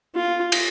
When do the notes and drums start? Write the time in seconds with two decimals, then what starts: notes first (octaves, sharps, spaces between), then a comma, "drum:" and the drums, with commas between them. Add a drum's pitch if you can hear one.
0.15 F4
0.52 drum: cymbal